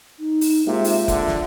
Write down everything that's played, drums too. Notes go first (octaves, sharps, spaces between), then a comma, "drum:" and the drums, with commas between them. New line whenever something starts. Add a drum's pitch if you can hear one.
D#4
drum: open hi-hat
C3 G#3 A#3 F4 E5
drum: open hi-hat
D3, drum: kick F1, hi-hat
drum: snare